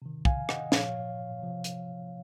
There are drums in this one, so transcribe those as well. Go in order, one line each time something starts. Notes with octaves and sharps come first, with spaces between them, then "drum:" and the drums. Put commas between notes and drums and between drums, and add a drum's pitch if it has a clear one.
C3 D#3
F5 G#5, drum: kick
D#5 F#5, drum: rim click
A#2 F3 C#5 F5, drum: snare
C3 F3
drum: hi-hat